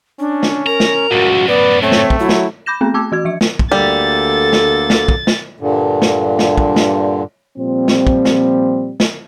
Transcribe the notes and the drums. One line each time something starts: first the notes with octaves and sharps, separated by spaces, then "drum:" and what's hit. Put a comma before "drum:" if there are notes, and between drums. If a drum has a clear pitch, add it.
C#4 D4
drum: snare
A#4 A#5
drum: snare
C#2 F#2 A2 F#4
B3 B4 D5
A3 C4 C#5
drum: snare
drum: kick
F#3 E4
drum: snare
B5 D6 G6 A#6 E7
A3 B3 C4 G#4
A3 A5 D6 E6 G#6
E3 F#4 G#6
F3 E5 C#7
drum: snare
drum: kick
D2 D3 G3 A#3 A4 A6
drum: snare
drum: snare
drum: kick
drum: snare
G2 A#2 D3
drum: snare
drum: snare
drum: kick
drum: snare
A#2 F3 G3 C4
drum: snare
drum: kick
drum: snare
drum: snare